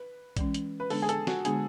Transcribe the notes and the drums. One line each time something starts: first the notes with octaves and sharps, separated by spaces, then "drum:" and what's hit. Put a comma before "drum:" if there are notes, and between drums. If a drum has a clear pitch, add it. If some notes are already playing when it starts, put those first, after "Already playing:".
Already playing: B4
E3 G#3 C#4, drum: kick, hi-hat
drum: hi-hat
B4
D3 G#3 B3 D4 A4, drum: open hi-hat
G#4
A4, drum: hi-hat
F#4, drum: snare
D3 G#3 B3 D4 G#4, drum: hi-hat